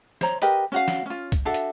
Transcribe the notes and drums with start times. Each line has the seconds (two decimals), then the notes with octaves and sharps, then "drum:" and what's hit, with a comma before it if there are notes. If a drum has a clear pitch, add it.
0.21 C5 C#5 A#5, drum: snare
0.42 G4 A#4 B4 D#5, drum: hi-hat
0.72 C#4 F#4 F5
0.88 drum: snare
1.06 C#4 F4
1.32 drum: kick, hi-hat
1.45 D4 F#4 A4 E5
1.54 drum: hi-hat